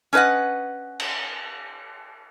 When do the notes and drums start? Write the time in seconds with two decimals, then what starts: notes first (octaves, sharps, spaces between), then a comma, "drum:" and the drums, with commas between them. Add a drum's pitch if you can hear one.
0.13 C#4 D4 B4 D#5 F#5
1.00 drum: cymbal